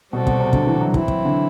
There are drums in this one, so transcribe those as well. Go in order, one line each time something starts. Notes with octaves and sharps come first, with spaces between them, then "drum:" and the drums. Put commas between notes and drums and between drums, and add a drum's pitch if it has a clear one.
B2 G3 C4 F#4 A4
B2, drum: kick
C3
D3, drum: kick
E3
F#3
E3 F#3 C4 E4, drum: kick
drum: kick
D3